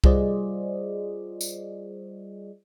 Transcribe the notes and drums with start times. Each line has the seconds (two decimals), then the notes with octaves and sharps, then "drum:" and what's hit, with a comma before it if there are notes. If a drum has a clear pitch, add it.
0.04 G3 F4 G#4 C5 D5 D#5, drum: kick C2
1.41 drum: tambourine